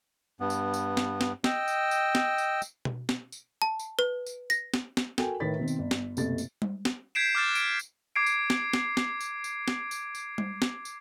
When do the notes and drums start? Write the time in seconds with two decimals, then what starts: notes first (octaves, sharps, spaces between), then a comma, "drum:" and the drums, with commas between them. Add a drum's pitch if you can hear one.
0.40 G2 B3
0.50 drum: tambourine
0.74 drum: tambourine
0.97 drum: snare
1.21 drum: snare
1.44 D#5 G5 E6, drum: snare
1.68 drum: tambourine
1.91 drum: tambourine
2.15 drum: snare
2.38 drum: tambourine
2.62 drum: tambourine
2.85 drum: tom B2
3.09 drum: snare
3.32 drum: tambourine
3.62 A5
3.79 drum: tambourine
3.99 B4
4.26 drum: tambourine
4.50 A#6, drum: tambourine
4.74 drum: snare
4.97 drum: snare
5.18 F#4 A4 A#4 G5 G#5, drum: snare
5.40 A2 D#3 A#4 B4 A6 B6
5.59 B2 D#3 C4
5.68 drum: tambourine
5.79 G1
5.91 drum: snare
6.17 F#1 C2 B2 A3 A6, drum: tambourine
6.38 drum: tambourine
6.62 drum: tom G3
6.85 drum: snare
7.15 G6 G#6 B6 C7 D7 E7
7.35 D6 F6 F#6 A6 E7
7.55 D7, drum: tambourine
7.79 drum: tambourine
8.16 D6 G#6 C7 D7
8.26 drum: tambourine
8.50 drum: snare
8.73 drum: snare
8.97 drum: snare
9.21 drum: tambourine
9.44 drum: tambourine
9.68 drum: snare
9.91 drum: tambourine
10.15 drum: tambourine
10.38 drum: tom G3
10.62 drum: snare
10.85 drum: tambourine